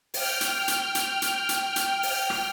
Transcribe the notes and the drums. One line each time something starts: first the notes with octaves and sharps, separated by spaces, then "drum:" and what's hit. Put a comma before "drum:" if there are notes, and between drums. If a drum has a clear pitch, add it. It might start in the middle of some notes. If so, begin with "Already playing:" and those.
G5 F6, drum: open hi-hat
drum: hi-hat
drum: hi-hat
drum: hi-hat
drum: hi-hat
drum: hi-hat
drum: hi-hat
drum: open hi-hat
drum: rim click